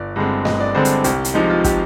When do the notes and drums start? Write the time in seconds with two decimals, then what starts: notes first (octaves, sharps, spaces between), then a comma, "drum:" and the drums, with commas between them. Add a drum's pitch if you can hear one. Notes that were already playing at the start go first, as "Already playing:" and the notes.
Already playing: G1 D5
0.16 G2 D3 G#3 C4
0.45 G1 D#5, drum: snare A3
0.60 D5
0.74 G2 D3 G#3 C4 C5
0.85 drum: hi-hat
1.04 C2 G4, drum: hi-hat
1.24 drum: hi-hat
1.34 C3 F3 G#3 D#4
1.50 F4
1.64 G4, drum: kick, hi-hat